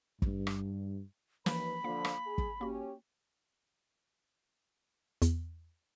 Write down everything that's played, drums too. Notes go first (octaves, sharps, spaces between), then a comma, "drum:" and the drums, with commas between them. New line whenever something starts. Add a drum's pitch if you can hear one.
G2, drum: kick
drum: rim click
D#2 E3 F3 A#3 B4 B5, drum: snare
D3 F3 A#3 F5
drum: rim click
G#4
drum: kick
A#3 C#4 F#4 G4
E2, drum: hi-hat